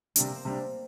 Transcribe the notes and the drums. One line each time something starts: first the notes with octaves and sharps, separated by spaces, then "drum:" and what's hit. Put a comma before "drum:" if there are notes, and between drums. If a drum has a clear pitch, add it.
C3 G3 A#3 D4, drum: hi-hat
C4
C3 G3 A#3 D4